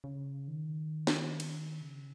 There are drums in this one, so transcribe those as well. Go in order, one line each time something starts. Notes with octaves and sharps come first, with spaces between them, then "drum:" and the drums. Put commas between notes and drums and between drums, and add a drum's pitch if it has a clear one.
C#3
D#3
drum: snare
drum: cymbal
C#3